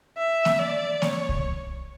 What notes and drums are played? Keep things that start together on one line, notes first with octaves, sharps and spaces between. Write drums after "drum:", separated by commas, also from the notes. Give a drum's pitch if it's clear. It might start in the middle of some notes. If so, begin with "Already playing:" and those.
E5
drum: snare A#3
D5
C#5, drum: snare A#3
drum: kick C2